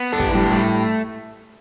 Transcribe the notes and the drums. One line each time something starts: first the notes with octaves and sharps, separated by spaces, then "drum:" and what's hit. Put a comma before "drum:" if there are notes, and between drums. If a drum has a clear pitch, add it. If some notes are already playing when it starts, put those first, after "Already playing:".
Already playing: B3
D4 A4
G4, drum: kick
E4
A2 G3 G4
G3 A3 G4